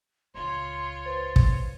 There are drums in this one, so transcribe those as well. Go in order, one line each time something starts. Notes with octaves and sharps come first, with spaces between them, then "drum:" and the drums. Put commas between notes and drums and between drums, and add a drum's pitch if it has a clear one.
D#1 C#2 F4 C#5 C6
B4 C5 C6 A6
drum: kick